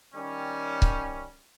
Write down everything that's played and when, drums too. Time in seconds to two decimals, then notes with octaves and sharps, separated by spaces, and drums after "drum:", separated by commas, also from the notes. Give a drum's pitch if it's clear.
0.15 D#3 G3 C#4
0.82 drum: kick C#1